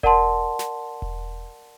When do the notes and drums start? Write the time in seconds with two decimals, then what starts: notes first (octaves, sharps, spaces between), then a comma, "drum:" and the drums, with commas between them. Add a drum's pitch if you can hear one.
0.03 A#4 D5 F#5 A5 C6, drum: kick E1
0.59 drum: snare
1.02 drum: kick E1